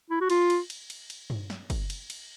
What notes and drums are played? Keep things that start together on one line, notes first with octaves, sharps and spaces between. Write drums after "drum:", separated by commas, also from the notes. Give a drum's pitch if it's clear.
E4
F#4
F4, drum: cymbal
drum: cymbal
drum: cymbal
drum: cymbal
drum: cymbal
drum: tom G2
drum: snare
drum: kick, cymbal
drum: cymbal
drum: cymbal